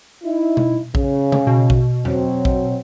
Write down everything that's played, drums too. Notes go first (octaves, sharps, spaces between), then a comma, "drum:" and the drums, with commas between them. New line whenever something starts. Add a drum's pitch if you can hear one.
D#4 E4
drum: tom B2
C#3, drum: kick A#1
drum: tom C3
B2
drum: kick A#1
F#3 C4, drum: tom E2
drum: kick A#1